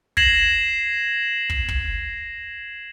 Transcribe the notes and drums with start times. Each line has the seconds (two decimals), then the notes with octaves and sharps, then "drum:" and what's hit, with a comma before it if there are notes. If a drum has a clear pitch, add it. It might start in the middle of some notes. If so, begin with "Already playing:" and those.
0.17 G#6 A#6 C7 E7 F#7, drum: kick
1.50 drum: kick
1.68 drum: kick